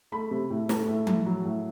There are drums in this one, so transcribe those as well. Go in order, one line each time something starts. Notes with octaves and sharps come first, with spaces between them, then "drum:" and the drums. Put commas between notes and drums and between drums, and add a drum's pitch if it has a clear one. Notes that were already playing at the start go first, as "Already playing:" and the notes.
A3 B5
C3
A2
A3, drum: snare
A2
A2, drum: tom F3
F#3
A2